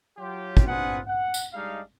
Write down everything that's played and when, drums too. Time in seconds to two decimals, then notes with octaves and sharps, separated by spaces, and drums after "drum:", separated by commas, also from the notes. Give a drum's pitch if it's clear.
0.18 F#3 F4 G4
0.57 drum: kick
0.68 C4 D4 F4 G#4 B4 F#5
1.07 F#5
1.34 drum: tambourine
1.53 G3 G#3 D4 D#4 F5